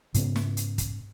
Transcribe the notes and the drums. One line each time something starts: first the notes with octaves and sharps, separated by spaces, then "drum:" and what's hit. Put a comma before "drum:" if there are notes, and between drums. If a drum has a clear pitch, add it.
G#2 C#3 B3 C#4, drum: hi-hat
drum: snare
drum: hi-hat
drum: kick, hi-hat